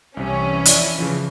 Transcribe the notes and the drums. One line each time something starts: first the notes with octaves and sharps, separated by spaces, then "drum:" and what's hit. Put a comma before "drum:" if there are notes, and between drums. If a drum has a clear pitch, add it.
C2 C3 E3 C#4
F2 E4 D5, drum: hi-hat
C#3 E3 F3